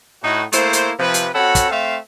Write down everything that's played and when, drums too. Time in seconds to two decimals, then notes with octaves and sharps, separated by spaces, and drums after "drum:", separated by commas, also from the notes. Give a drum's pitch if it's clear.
0.22 A2 D#4 F#4
0.52 A3 A#3 E4 C5, drum: hi-hat
0.73 drum: hi-hat
0.99 C3 F3 B4
1.14 drum: hi-hat
1.34 C4 F#4 A4 C#5 F#5 B5
1.55 drum: kick, hi-hat
1.70 A3 C4 E5 F5